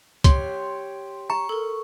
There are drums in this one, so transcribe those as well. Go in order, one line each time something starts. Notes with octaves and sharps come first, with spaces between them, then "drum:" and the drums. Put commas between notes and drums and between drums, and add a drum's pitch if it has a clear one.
G4 C#5 C6, drum: kick C#2, hi-hat
A#5 C#6
A4 A#4